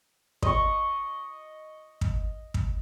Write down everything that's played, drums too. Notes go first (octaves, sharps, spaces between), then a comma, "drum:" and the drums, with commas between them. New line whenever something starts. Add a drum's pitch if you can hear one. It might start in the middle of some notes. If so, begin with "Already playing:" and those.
D#5 C#6, drum: kick
drum: kick
drum: kick